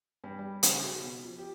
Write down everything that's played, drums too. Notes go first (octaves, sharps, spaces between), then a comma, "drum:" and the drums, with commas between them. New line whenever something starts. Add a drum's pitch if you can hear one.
G2
G3
C#3, drum: hi-hat
F#4
B2
F3
G4